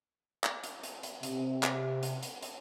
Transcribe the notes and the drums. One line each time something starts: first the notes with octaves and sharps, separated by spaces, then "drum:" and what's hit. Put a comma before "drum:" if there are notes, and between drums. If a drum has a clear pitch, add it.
drum: clap
drum: hi-hat
drum: hi-hat
drum: hi-hat
C3, drum: hi-hat
drum: clap
drum: hi-hat
drum: hi-hat
drum: hi-hat